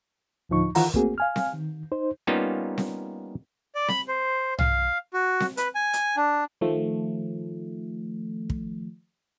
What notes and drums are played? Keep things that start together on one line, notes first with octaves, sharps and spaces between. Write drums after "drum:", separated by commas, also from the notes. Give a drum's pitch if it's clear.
D2 A2 D3 F3 D#4 C#6
D#3 E3 F4 F#5 A#5, drum: open hi-hat
A3 A#3 C4 F#4 G#4, drum: kick
F5 G#5 F6
drum: snare C4
D#3
D#4 C5
G3 A#3 B3 C#4 D#4 F4
drum: snare C4
D5
B5, drum: snare C4
C5
F5, drum: tom
F#4
drum: snare C4
B4, drum: hi-hat
G#5
drum: hi-hat
D4
D#3 F3 A3
drum: kick